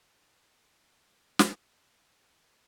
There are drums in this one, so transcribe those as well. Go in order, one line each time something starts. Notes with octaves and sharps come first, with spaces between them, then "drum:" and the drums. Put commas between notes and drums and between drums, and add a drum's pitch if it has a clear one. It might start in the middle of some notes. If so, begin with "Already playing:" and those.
C5
drum: snare
G#4
G4
G#4
B4